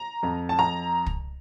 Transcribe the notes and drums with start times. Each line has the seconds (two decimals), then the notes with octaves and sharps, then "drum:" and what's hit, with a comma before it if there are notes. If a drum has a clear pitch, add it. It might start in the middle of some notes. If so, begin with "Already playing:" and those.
Already playing: A#5
0.23 F2
0.49 A5
0.59 F2 A#5
1.06 drum: kick